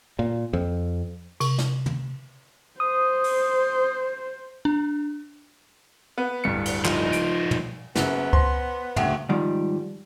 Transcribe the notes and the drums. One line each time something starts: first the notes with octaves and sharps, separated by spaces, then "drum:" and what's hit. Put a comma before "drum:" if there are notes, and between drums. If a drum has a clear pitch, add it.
A#2
F2
C3, drum: cymbal
drum: snare
drum: tom
C5 D#6
drum: open hi-hat
D4
B3
D1 G2 C#7
drum: cymbal
F3 D#4, drum: clap
D7, drum: hi-hat
drum: tom
F#1 F#2 B3, drum: snare
C5 C6, drum: kick C#2
F#1 D2 E5 F#5 G5, drum: tom
G#2 D#3 F3 G3